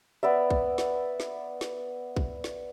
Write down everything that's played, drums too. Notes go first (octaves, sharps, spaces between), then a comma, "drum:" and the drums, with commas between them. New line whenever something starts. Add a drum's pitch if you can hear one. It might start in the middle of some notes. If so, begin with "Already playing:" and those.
B3 D5 E5
drum: kick
drum: snare
drum: snare
drum: snare
drum: kick
drum: snare